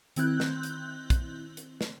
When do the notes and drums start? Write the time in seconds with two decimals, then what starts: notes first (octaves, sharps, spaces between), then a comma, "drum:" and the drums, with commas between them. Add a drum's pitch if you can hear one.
0.16 D#3 C4 E4 F#6 G6, drum: hi-hat
0.40 drum: snare
0.63 drum: hi-hat
1.10 drum: kick, hi-hat
1.57 drum: hi-hat
1.81 drum: snare